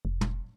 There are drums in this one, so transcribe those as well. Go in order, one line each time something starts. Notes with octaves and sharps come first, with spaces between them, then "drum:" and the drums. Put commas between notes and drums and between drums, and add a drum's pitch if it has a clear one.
F1
drum: tom